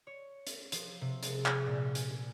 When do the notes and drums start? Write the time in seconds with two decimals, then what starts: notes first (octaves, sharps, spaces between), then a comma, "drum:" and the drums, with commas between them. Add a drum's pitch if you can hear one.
0.07 C#5
0.47 drum: hi-hat
0.72 F3, drum: hi-hat
1.01 C3
1.23 G#3, drum: hi-hat
1.46 drum: clap
1.67 A#2
1.95 G#5, drum: hi-hat